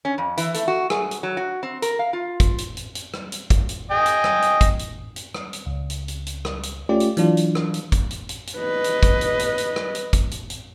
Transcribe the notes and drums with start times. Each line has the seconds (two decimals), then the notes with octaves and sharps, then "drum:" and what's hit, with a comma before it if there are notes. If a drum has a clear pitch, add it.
0.05 C#4
0.18 F2
0.38 E3, drum: hi-hat
0.54 A3, drum: hi-hat
0.68 F#4
0.90 G#4, drum: rim click
1.11 drum: hi-hat
1.23 F#3
1.37 F#4
1.63 C4
1.82 A#4, drum: hi-hat
1.99 F5
2.13 F4
2.40 drum: kick, hi-hat
2.58 drum: hi-hat
2.77 drum: hi-hat
2.95 drum: hi-hat
3.14 drum: rim click
3.32 drum: hi-hat
3.50 drum: kick, hi-hat
3.69 drum: hi-hat
3.91 D#5 G5 G#5
4.06 drum: hi-hat
4.24 drum: rim click
4.42 drum: hi-hat
4.61 drum: kick, hi-hat
4.79 drum: hi-hat
5.16 drum: hi-hat
5.34 drum: rim click
5.53 drum: hi-hat
5.66 C#2
5.90 drum: hi-hat
6.08 drum: hi-hat
6.27 drum: hi-hat
6.45 drum: rim click
6.63 drum: hi-hat
6.89 A3 C#4 F4 G4 D5
7.00 drum: hi-hat
7.17 E3 F#3 D4 F4, drum: hi-hat
7.37 drum: hi-hat
7.55 drum: rim click
7.74 drum: hi-hat
7.92 drum: kick, hi-hat
8.11 drum: hi-hat
8.29 drum: hi-hat
8.47 drum: hi-hat
8.58 B4 D#5
8.84 drum: hi-hat
9.03 drum: kick, hi-hat
9.21 drum: hi-hat
9.39 drum: hi-hat
9.58 drum: hi-hat
9.76 drum: rim click
9.95 drum: hi-hat
10.13 drum: kick, hi-hat
10.31 drum: hi-hat
10.50 drum: hi-hat